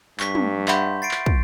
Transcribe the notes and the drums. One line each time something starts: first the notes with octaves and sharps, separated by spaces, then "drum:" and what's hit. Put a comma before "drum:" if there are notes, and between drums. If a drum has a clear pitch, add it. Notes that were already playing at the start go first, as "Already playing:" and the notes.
G2 C#6 B6, drum: clap
drum: tom
E5 F#5 B5 C6 G6, drum: clap
A6 C7 D7
drum: clap
drum: kick